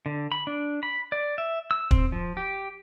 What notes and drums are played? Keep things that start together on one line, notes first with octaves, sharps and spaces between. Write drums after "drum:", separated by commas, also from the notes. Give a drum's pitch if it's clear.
D3
B5
D4
B5
D5
E5
E6
C4, drum: kick
F3
G4